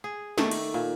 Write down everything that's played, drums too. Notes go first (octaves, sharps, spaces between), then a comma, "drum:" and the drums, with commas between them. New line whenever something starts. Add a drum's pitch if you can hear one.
G#4
D#3 A3 D5, drum: snare
drum: cymbal
A#2